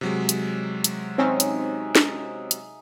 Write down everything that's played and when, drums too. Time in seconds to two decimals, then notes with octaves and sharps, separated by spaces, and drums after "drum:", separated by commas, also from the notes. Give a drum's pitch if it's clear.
0.01 C3 F#3 G#3
0.29 drum: hi-hat
0.84 drum: hi-hat
1.18 C4 C#4 D#4 G#4 E5
1.40 drum: hi-hat
1.95 drum: snare
2.51 drum: hi-hat